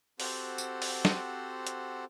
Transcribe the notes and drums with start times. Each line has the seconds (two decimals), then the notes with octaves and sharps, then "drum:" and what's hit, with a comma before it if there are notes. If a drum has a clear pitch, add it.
0.20 C4 F#4 G4 A4 C5 F#5, drum: open hi-hat
0.58 drum: tambourine
0.82 drum: open hi-hat
1.05 drum: snare
1.67 drum: hi-hat